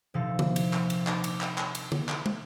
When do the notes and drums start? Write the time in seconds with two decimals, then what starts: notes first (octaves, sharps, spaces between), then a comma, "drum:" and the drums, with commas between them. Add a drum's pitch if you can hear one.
0.14 D#1 C3 F3 D#4 A4 F5
0.39 drum: tom D3
0.56 drum: cymbal
0.73 C4, drum: clap
0.90 drum: cymbal
1.07 D#4 D5 A#5 D6, drum: clap
1.24 drum: cymbal
1.41 drum: clap
1.58 drum: clap
1.75 drum: cymbal
1.92 drum: tom D3
2.09 drum: clap
2.26 drum: tom